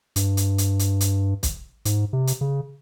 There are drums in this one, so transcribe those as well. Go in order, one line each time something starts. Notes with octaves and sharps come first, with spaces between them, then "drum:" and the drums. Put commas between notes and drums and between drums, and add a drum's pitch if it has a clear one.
G2, drum: hi-hat
drum: hi-hat
drum: hi-hat
drum: hi-hat
drum: hi-hat
drum: kick, hi-hat
G#2, drum: hi-hat
C3
drum: hi-hat
C#3